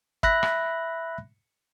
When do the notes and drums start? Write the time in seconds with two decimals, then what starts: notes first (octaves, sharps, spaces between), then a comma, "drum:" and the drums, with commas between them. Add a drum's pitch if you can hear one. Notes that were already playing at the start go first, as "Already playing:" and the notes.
0.23 E5 B5 F#6 A#6, drum: kick
0.43 drum: rim click